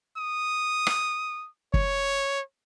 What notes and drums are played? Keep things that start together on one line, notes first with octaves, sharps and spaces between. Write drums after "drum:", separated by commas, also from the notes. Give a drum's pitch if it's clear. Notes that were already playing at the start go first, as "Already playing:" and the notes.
D#6
drum: rim click
C#5, drum: kick